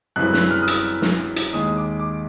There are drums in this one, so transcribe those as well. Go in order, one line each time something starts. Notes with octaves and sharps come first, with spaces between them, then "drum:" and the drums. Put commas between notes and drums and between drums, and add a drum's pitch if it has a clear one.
F#2 C#3 E3 G3 C4 F#6
F#6, drum: snare
F6
D#6
E6, drum: hi-hat
drum: snare
drum: hi-hat
D#2 D#3 G#3 D#6
D6
D6